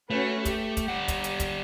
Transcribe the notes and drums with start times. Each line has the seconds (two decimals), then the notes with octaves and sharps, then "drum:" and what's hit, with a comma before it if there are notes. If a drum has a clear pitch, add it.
0.10 A3 C#4 F#4 B4
0.45 G4, drum: kick, hi-hat
0.77 drum: kick, hi-hat
0.88 G3 F#5
1.08 drum: kick, hi-hat
1.24 drum: hi-hat
1.40 drum: kick, hi-hat